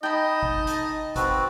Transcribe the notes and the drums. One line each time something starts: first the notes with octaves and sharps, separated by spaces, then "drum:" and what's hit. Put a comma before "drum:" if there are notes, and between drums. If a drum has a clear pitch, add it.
D#4 D#5 G5 A5 B5
drum: kick G#1
drum: hi-hat
C4 F#4 B4 A5, drum: kick G#1, hi-hat